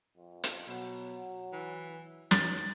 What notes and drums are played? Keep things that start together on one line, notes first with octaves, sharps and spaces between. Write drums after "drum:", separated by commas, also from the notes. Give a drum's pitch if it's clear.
F2
drum: hi-hat
B2 F#3
E3
B2 D#4 A6, drum: snare